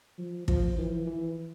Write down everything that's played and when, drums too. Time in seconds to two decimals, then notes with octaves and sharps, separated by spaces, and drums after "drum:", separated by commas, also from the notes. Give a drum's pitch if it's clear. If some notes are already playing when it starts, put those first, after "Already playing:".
0.18 F3
0.48 F3, drum: kick
0.78 E3
1.06 E3